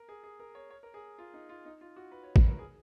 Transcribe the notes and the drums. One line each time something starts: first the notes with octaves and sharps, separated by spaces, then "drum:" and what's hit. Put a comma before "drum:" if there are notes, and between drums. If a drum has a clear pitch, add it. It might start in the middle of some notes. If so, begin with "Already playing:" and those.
Already playing: A#4
G#4
G#4
A#4
C#5
C#5
A#4
G#4
F4
D#4
F4
D#4
F4
F#4
B4
C#5
B4, drum: kick A1
A#4
G#4